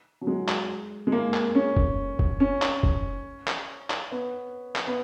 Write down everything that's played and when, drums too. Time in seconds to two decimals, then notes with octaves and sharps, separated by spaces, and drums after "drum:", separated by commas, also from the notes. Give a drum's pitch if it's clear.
0.21 F#3
0.27 G#3
0.48 drum: clap
1.07 G#3
1.12 A#3
1.34 drum: clap
1.55 C#4
1.77 drum: kick F1
2.19 drum: kick F1
2.40 C#4
2.62 drum: clap
2.83 drum: kick F1
3.47 drum: clap
3.90 drum: clap
4.12 B3
4.76 drum: clap
4.87 B3